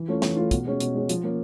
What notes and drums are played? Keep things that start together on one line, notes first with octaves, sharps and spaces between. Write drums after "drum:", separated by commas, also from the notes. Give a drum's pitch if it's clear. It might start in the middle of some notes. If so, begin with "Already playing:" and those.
Already playing: E3
A3 C#4 F4
E3, drum: snare
A3 C#4 F4
B2, drum: kick, hi-hat
G#3 C#4
B2, drum: hi-hat
G#3 C#4
F3, drum: hi-hat
A#3 C#4